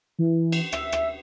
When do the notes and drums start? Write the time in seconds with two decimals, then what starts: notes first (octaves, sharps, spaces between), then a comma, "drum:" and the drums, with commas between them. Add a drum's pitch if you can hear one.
0.19 E3
0.52 drum: cymbal
0.72 E5, drum: rim click
0.92 drum: rim click